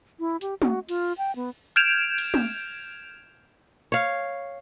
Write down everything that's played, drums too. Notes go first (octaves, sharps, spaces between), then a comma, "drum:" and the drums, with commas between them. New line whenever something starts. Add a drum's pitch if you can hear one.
E4
G4, drum: hi-hat
F#4, drum: tom
F4, drum: cymbal
G5
B3
F6 G6 G#6 D7 E7 F7, drum: hi-hat
drum: cymbal
drum: tom
C#5 F5